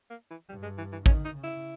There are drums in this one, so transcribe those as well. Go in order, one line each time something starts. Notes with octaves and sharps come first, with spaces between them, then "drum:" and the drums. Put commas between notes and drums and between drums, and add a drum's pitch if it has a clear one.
A#3
E3
G2 G3
G#3
E3
E3
D#3 C#4, drum: kick A1
D#4
C#3
E4